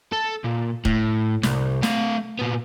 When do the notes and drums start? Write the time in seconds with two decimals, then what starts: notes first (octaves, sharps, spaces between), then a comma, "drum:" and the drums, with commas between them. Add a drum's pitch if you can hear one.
0.12 A4
0.45 A#2
0.85 A2, drum: kick D#1
1.43 C2, drum: snare
1.83 A3 F5, drum: snare
2.39 A#2 B3